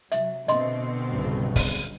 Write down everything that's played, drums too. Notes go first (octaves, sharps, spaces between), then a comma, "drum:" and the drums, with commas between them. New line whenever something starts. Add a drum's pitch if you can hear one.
C3 F#3 E5, drum: hi-hat
B2 D3 C4 D#5 C6, drum: hi-hat
B1 G2 C#3
drum: kick, open hi-hat